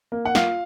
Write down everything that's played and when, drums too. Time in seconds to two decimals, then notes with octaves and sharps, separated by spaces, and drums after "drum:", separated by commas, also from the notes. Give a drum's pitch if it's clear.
0.12 A#3
0.25 F#5
0.35 F4 F5, drum: snare